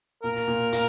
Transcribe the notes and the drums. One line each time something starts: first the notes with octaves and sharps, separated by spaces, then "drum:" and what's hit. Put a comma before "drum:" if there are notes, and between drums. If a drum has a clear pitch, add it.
A#2 A#4
A#2
A#2, drum: hi-hat